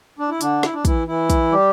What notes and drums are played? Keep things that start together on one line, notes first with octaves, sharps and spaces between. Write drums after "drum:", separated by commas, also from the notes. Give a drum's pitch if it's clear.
D4
E4
D3 D4, drum: hi-hat
E4, drum: snare
D4
E3 E4, drum: kick, hi-hat
E3 E4
drum: kick, hi-hat
G3 G4